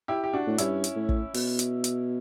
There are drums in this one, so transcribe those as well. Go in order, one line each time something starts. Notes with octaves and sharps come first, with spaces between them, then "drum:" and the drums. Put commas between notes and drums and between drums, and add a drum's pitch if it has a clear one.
E4 G4
G4
D4 F#4
A2
G2 C#4 E4, drum: hi-hat
drum: hi-hat
A2
drum: kick
B2, drum: open hi-hat
drum: hi-hat
drum: hi-hat